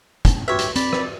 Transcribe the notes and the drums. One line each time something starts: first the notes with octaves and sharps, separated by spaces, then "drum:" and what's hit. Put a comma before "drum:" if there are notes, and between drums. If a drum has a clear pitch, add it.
drum: kick, hi-hat
F#4 G4 B4 C#5 E5
drum: hi-hat
C4 D5 B5, drum: hi-hat
drum: rim click